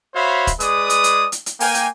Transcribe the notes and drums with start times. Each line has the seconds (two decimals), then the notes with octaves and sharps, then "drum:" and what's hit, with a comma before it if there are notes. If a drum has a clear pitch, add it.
0.15 F#4 C5 C#5 E5 F5 B5
0.47 drum: kick, hi-hat
0.60 G#3 G#4 B4 D5 D#6, drum: hi-hat
0.90 drum: hi-hat
1.04 drum: hi-hat
1.32 drum: hi-hat
1.46 drum: hi-hat
1.60 A#3 G5 G#5, drum: open hi-hat
1.74 drum: hi-hat